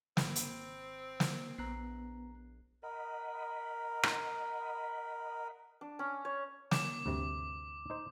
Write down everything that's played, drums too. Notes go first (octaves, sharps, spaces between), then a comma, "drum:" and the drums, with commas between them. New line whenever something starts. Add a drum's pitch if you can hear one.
G#1 C4 B5, drum: snare
drum: hi-hat
drum: snare
A#1 B3 A#5 F#6 C7
A#4 D#5 F#5 B5
drum: rim click
D4
C#4
C#5
C#4 D6, drum: snare
D2 G2 C3
D#4 C5